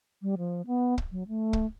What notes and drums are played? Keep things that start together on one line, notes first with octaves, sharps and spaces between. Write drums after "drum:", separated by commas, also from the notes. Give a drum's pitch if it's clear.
G3
F3
B3
drum: kick
F#3
A3
drum: kick